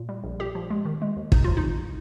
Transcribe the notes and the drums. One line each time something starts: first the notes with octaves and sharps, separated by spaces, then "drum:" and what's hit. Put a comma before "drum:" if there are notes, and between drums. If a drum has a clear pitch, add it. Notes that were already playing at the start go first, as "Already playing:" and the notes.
Already playing: A#2
G3
A#1
A#2 G4
F3
G#3
D#3
G#3
D#2
G2 D#4, drum: kick
F3 F4
D#4
G#1